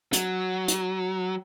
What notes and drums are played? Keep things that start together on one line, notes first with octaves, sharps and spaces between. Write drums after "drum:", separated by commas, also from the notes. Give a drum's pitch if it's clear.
F#3, drum: hi-hat
drum: hi-hat